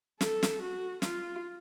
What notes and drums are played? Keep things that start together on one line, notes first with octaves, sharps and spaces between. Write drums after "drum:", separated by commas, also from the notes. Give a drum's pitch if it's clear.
A4, drum: snare
drum: snare
F#4
F4, drum: snare